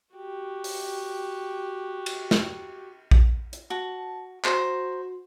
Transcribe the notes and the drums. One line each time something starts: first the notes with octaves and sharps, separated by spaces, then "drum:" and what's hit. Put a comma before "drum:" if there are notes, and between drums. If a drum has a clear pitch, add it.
F#4 G4
drum: open hi-hat
drum: cymbal
drum: snare
drum: kick A#1
drum: hi-hat
F#4 A5
F#4 C5 A#5, drum: clap